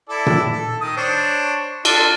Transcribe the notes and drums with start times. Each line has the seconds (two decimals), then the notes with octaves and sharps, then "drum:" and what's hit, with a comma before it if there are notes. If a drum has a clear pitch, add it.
0.09 E4 A4 D5
0.26 drum: tom A#2
0.52 A4
0.81 D#3 D#6
0.97 D4 C5 C#5
1.85 D4 F4 A4, drum: cymbal